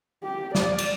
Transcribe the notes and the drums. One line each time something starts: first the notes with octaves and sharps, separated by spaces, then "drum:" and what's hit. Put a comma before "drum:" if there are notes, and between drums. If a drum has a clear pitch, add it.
G4
D5, drum: snare
drum: cymbal